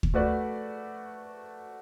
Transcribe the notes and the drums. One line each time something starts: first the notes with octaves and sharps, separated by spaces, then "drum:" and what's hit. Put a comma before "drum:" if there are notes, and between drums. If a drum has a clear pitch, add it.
drum: kick D2
A3 F#4 B4 D5